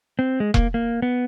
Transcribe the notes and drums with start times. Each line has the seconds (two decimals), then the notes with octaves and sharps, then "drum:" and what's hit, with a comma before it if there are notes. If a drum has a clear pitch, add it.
0.19 C4
0.40 G#3
0.54 A#3, drum: kick E1
0.74 A#3
1.02 B3